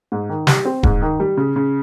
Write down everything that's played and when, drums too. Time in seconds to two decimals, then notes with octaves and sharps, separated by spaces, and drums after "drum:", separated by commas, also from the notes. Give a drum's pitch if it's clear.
0.12 G#2
0.29 D#3
0.47 G3, drum: snare
0.65 C4
0.83 G#2, drum: kick D#1
1.02 D#3
1.20 G3
1.37 C#3
1.56 C#3